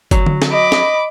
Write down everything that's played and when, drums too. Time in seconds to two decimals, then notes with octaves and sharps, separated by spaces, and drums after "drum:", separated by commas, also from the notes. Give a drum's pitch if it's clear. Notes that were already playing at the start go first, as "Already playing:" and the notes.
0.11 F#3, drum: kick G1, hi-hat
0.26 drum: tom D3
0.42 drum: snare
0.51 D#5 B5 D6
0.72 drum: snare